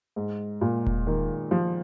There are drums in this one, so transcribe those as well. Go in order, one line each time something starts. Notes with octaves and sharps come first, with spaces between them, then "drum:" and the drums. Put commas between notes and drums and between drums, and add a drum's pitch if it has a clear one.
G#2
A#2
drum: kick E1
D#3
F3